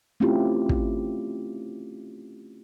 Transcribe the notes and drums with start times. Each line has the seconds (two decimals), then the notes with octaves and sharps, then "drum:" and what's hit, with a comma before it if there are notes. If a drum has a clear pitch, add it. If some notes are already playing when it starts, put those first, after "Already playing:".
0.20 A3 C4 C#4 E4 F4 G4
0.69 drum: kick